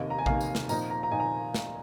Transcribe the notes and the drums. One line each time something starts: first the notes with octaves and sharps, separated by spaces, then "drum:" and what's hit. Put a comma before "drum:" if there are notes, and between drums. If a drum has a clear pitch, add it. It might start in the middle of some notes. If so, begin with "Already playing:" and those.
Already playing: F1 D#2 D#3 A#3 D#5
A#5
G#5
F1 D#2 D#3 A#3 F5, drum: kick A#1
drum: tambourine
drum: snare
A#2 F3 A#3 D#4 A#5, drum: tambourine
A#5
A#5
A#2 F3 A#3 D#4 G#5
A#5
drum: snare